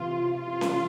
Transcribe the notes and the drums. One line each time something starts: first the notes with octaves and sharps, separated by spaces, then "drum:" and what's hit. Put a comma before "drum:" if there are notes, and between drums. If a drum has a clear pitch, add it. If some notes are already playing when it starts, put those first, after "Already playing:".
Already playing: C3 E3 F4
C3 E3 F4
drum: snare C#4